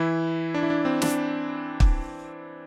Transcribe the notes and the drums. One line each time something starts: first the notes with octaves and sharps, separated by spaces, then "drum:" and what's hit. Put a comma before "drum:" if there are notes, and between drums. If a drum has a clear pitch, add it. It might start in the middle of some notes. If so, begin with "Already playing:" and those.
Already playing: E3 E4
D4
E4
D4
C4
D4, drum: snare
drum: kick